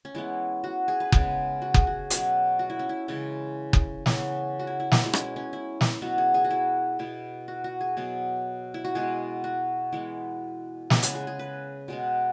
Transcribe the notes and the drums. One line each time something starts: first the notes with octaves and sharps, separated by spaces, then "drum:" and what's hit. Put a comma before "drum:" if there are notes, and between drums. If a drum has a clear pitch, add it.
C#4
E3 G#3 B3 E4
F#4
G#4
B4
C#3 G#3 B3 G#4, drum: kick F#1
F#4
G#4, drum: kick F#1
F#4
B2 F#3 B3 C#4, drum: hi-hat
F#4
E4
C#4
E4
C#3 E3 G#3 C#4
drum: kick F#1
C#3 E3 B3 C#4, drum: snare
F#4
E4
E4
E4, drum: snare
B2 G#3 B3 E4
C#4, drum: rim click
E4
C#4
E4
drum: snare
B2 F#3 B3 F#4
G#4
G#4
F#4
E4
B2 B3 E4
F#4
F#4
G#4
B2 F#3 B3
E4
F#4
B2 G#3 B3 G#4
F#4
E3 G#3 B3 E4
C#3 G#3 B3 G#4, drum: snare
B4, drum: hi-hat
G#4
G#4
B4
B2 G#3 B3